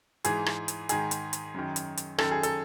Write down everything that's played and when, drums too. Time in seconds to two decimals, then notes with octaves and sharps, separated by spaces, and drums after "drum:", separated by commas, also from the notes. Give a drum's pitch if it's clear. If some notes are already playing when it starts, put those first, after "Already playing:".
0.24 G#2 E3 G#4, drum: hi-hat
0.46 drum: rim click
0.68 drum: hi-hat
0.89 G#2 D#3 G#4, drum: hi-hat
1.11 drum: hi-hat
1.33 drum: hi-hat
1.54 F#2 D#3
1.76 drum: hi-hat
1.97 drum: hi-hat
2.18 F#2 D#3 A4, drum: rim click
2.31 G#4
2.43 A4, drum: hi-hat